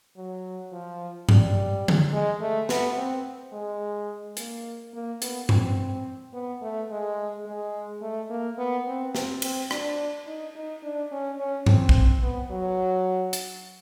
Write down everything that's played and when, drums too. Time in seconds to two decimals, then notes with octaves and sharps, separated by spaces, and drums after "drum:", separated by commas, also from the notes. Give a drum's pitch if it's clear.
0.17 F#3
0.72 F3
1.29 G3, drum: tom G2
1.88 drum: tom D3
2.13 G#3
2.41 A3
2.69 B3, drum: snare
2.97 C4
3.53 G#3
4.37 A#3, drum: hi-hat
4.94 A#3
5.22 B3, drum: hi-hat
5.49 C4, drum: tom G2
6.34 B3
6.62 A3
6.90 G#3
7.47 G#3
8.02 A3
8.30 A#3
8.58 B3
8.87 C4
9.15 C4, drum: snare
9.42 C4, drum: cymbal
9.71 D4, drum: rim click
10.27 D#4
10.55 D#4
10.83 D4
11.11 C#4
11.39 C#4
11.66 C4, drum: tom G2
11.89 drum: kick A#1
12.23 B3
12.51 F#3
13.33 drum: hi-hat